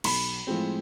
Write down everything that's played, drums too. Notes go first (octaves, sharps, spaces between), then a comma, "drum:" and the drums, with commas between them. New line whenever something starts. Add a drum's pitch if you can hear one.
B1 B5, drum: cymbal
A2 F3 G#3 C4